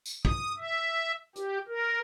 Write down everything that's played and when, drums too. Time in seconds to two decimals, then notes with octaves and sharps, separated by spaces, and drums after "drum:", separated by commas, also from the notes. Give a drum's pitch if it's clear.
0.06 drum: tambourine
0.25 D#6, drum: kick
0.58 E5
1.36 G4, drum: hi-hat
1.68 A#4